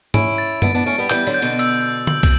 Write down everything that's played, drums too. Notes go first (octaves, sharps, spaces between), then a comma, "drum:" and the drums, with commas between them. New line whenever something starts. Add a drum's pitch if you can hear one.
C#4 E4 D7, drum: tom G#2
A6
B3 D4 D7, drum: tom F#2
B3 D4
A3 C#4 D7
G3 B3
E3 G3 G6, drum: clap
D3 F#3, drum: cymbal
G6
B2 D3, drum: cymbal
E6, drum: cymbal
E6
F#7, drum: tom D3
drum: kick, cymbal